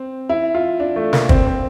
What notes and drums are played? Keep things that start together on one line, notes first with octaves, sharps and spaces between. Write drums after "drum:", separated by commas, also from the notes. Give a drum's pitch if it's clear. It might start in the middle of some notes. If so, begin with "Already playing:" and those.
Already playing: C4
E4
F4
D4
A3
A#3, drum: snare
C4, drum: kick
C4